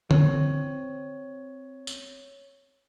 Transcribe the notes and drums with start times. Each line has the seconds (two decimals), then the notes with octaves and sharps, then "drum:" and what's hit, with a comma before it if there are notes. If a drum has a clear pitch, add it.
0.11 C4 C#5, drum: tom D3
1.87 drum: tambourine